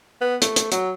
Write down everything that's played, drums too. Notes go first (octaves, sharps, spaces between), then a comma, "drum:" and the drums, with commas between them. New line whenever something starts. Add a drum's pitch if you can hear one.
B3
A3, drum: hi-hat
drum: hi-hat
F#3, drum: hi-hat